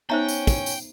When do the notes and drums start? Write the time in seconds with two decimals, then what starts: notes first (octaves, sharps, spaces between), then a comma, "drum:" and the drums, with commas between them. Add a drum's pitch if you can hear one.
0.10 B3 C#4 D#4 C5 E5 G5 A#5
0.28 drum: tambourine
0.47 drum: kick, tambourine
0.66 drum: tambourine